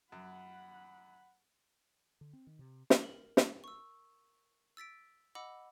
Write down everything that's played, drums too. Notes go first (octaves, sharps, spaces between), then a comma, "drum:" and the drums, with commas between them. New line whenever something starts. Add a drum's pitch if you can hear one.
F#2 F#5 B5
D3
C4
D#3
C3
drum: snare
A#4 F#7
drum: snare
C#6 E6
E6 A6 B6 D7
D#5 F#5 B5 D6 E6